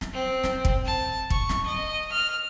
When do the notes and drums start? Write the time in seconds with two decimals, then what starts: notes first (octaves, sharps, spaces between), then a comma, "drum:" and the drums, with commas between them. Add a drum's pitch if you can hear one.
0.01 drum: snare
0.13 C4
0.44 drum: snare
0.65 drum: kick
0.86 A5
1.30 C#6, drum: kick
1.49 drum: snare
1.67 D#5
2.12 F6